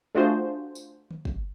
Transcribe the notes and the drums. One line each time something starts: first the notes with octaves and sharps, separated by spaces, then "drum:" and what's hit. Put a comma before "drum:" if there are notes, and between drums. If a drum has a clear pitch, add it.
A3 D4 F4 F#4 G#4 C5
drum: tambourine
drum: tom D#3
drum: kick